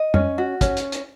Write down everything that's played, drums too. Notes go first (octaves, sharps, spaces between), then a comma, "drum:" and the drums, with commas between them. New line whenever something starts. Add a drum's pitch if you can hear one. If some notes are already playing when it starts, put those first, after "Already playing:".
Already playing: D#5
C#4, drum: tom
F#4
C#4, drum: kick, hi-hat
drum: hi-hat
drum: hi-hat